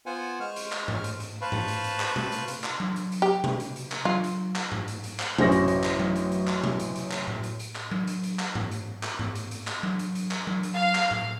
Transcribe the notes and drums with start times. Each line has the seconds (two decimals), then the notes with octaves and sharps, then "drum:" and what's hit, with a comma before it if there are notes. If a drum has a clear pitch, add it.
0.06 B3 F4 C5 F#5 G#5
0.40 G#3 C5 C#6 F6
0.56 drum: hi-hat
0.72 drum: clap
0.88 drum: tom G#2
1.04 drum: hi-hat
1.20 drum: hi-hat
1.41 B4 C5 F5 A5 B5 C#6
1.52 drum: tom G#2
1.68 drum: hi-hat
1.84 drum: hi-hat
2.00 drum: clap
2.16 drum: tom B2
2.32 drum: hi-hat
2.48 drum: hi-hat
2.64 drum: clap
2.80 drum: tom F#3
2.96 drum: hi-hat
3.12 drum: hi-hat
3.22 G4
3.44 drum: tom B2
3.60 drum: hi-hat
3.76 drum: hi-hat
3.92 drum: clap
4.05 F4, drum: tom F#3
4.24 drum: hi-hat
4.56 drum: clap
4.72 drum: tom G#2
4.88 drum: hi-hat
5.04 drum: hi-hat
5.20 drum: clap
5.38 A1 F#2 C#4 C5 A#6, drum: tom B2
5.52 drum: hi-hat
5.68 drum: hi-hat
5.84 drum: clap
6.00 drum: tom F#3
6.16 drum: hi-hat
6.32 drum: hi-hat
6.48 drum: clap
6.64 drum: tom B2
6.80 drum: hi-hat
6.95 drum: hi-hat
7.11 drum: clap
7.27 drum: tom A2
7.43 drum: hi-hat
7.59 drum: hi-hat
7.75 drum: clap
7.91 drum: tom F#3
8.07 drum: hi-hat
8.23 drum: hi-hat
8.39 drum: clap
8.55 drum: tom G#2
8.71 drum: hi-hat
9.03 drum: clap
9.19 drum: tom G#2
9.35 drum: hi-hat
9.51 drum: hi-hat
9.67 drum: clap
9.83 drum: tom F#3
9.99 drum: hi-hat
10.15 drum: hi-hat
10.31 drum: clap
10.47 drum: tom F#3
10.63 drum: hi-hat
10.75 F5
10.95 drum: clap
11.11 drum: tom A2